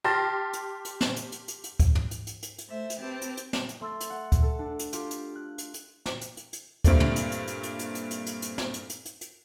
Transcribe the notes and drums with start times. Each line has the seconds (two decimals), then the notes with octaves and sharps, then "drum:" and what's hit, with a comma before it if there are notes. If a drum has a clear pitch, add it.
0.04 G4 A5 C6 F6 A6 A#6
0.53 drum: hi-hat
0.85 drum: hi-hat
1.01 drum: snare
1.16 drum: hi-hat
1.32 drum: hi-hat
1.48 drum: hi-hat
1.64 drum: hi-hat
1.80 drum: kick D2, hi-hat
1.95 drum: tom
2.11 drum: hi-hat
2.27 drum: hi-hat
2.43 drum: hi-hat
2.58 drum: hi-hat
2.68 A3 C5 E5
2.90 drum: hi-hat
2.99 C4 G4 B4 A5
3.22 drum: hi-hat
3.37 drum: hi-hat
3.53 drum: snare
3.69 drum: hi-hat
3.81 A3 C6 E6 A6
4.00 drum: hi-hat
4.10 F#5
4.32 drum: kick D2, hi-hat
4.42 A4
4.59 D4
4.79 drum: hi-hat
4.93 F4 G4, drum: hi-hat
5.11 drum: hi-hat
5.36 F#6
5.58 drum: hi-hat
5.74 drum: hi-hat
6.06 drum: snare
6.21 drum: hi-hat
6.37 drum: hi-hat
6.53 drum: hi-hat
6.84 G2 A#2 A3 C4 D4, drum: kick D2, hi-hat
7.00 drum: tom
7.16 drum: hi-hat
7.32 drum: hi-hat
7.48 drum: hi-hat
7.63 drum: hi-hat
7.79 drum: hi-hat
7.95 drum: hi-hat
8.11 drum: hi-hat
8.26 drum: hi-hat
8.42 drum: hi-hat
8.58 drum: snare
8.74 drum: hi-hat
8.90 drum: hi-hat
9.05 drum: hi-hat
9.21 drum: hi-hat